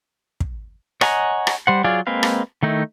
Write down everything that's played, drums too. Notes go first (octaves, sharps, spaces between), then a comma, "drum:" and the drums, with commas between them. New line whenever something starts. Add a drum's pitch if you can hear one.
drum: kick
C#5 D#5 F#5 G#5 A#5, drum: rim click
drum: rim click
G3 C5 F#5
F#3 F4 G#4 D5 F5
G#3 A#3 C4 B4 F5
drum: rim click
D#3 A3 D#4 E4